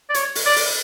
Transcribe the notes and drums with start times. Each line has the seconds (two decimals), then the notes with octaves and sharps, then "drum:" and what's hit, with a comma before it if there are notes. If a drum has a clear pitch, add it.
0.09 D5
0.14 C#5, drum: hi-hat
0.35 drum: open hi-hat
0.45 D5
0.56 drum: open hi-hat